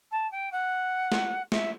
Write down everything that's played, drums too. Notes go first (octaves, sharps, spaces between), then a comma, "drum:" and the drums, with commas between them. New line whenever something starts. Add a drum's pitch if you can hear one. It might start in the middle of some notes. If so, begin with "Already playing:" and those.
A5
G5
F#5
drum: snare
E5, drum: snare